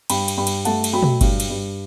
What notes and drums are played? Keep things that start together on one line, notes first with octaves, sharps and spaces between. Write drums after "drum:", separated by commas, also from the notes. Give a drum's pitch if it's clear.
G2 G5 B5, drum: cymbal
drum: cymbal
G2 G5 B5
drum: cymbal
A3 F#5 A5, drum: cymbal
drum: cymbal
F#3 G5 B5
drum: tom
G2, drum: kick G1, cymbal
drum: cymbal
G2